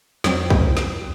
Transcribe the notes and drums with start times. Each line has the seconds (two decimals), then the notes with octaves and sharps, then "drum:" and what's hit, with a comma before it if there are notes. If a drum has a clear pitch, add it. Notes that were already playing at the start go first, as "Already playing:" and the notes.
0.24 F2 F#3 C4, drum: snare
0.50 drum: kick
0.77 drum: snare